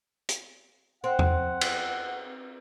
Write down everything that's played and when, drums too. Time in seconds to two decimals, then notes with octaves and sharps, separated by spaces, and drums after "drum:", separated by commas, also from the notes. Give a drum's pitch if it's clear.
0.29 drum: hi-hat
1.04 C4 F#5
1.19 drum: tom E2
1.61 drum: cymbal